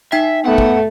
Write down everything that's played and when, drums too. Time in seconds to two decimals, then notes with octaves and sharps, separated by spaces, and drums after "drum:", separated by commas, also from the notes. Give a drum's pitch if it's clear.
0.12 D#4 E5 G5 B6
0.45 A3 B3 F#5
0.58 drum: kick